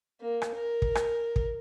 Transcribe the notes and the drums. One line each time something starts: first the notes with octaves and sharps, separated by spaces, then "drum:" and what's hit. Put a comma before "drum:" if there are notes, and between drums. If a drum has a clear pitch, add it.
A#3
drum: rim click
A#4
drum: kick
drum: rim click
drum: kick